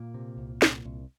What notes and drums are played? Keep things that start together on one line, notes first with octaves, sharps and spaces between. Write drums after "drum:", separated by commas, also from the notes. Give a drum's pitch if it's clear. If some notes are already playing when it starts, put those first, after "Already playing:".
Already playing: A#2 A#3
C3
C2
C2, drum: snare
C2